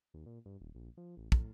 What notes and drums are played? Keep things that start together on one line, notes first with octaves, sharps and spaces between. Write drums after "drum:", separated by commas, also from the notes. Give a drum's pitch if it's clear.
D#2
A#2
G2
D#1
A#1
F3
A1
A2, drum: kick